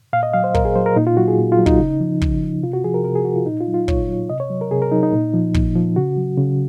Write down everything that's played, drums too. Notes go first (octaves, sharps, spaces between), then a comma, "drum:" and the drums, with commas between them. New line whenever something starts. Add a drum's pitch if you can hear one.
A#2 F5
D#5
F#3 F5
C5
A#2 A#4, drum: kick
G#4
F#3 C5
A#4
A#2 D#4
F4
F#3 F#4
G#4
A#2
F4
F#3
D#4, drum: kick
C#3
F3
C#3, drum: kick
F3
C3 F4
F#4
F3 G#4
A#4
C3 A#4
G#4
F3 F#4
F4
A#2 D#4
F4
F#3
F4
A#2 C#5, drum: kick
F#3
C3 D#5
C#5
F#3
A#4
C3 G#4
A#4
F#3 D#4
D#4
A#2
F3
A#2, drum: kick
F3
C#3 F#4
F#3
C#3